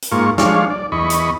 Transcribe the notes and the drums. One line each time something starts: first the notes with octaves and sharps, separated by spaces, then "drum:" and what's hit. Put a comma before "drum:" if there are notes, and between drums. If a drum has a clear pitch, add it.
drum: hi-hat
G#2 A#3 F4 C#6
F3 G#3 D4 C#5 F5, drum: snare
D5
E2 D#5 B5 C#6
drum: hi-hat